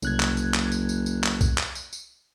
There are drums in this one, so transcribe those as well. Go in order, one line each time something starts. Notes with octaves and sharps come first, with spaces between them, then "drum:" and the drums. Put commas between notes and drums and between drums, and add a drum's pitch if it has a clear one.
F#1 C2 F#6 G#6, drum: tambourine
drum: clap
drum: tambourine
drum: clap
drum: tambourine
drum: tambourine
drum: tambourine
drum: clap
drum: kick, tambourine
drum: clap
drum: tambourine
drum: tambourine